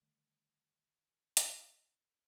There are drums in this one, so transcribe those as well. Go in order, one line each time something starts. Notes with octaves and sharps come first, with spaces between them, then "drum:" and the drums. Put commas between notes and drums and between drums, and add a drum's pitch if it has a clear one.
D3 D#3 G3 A3
drum: hi-hat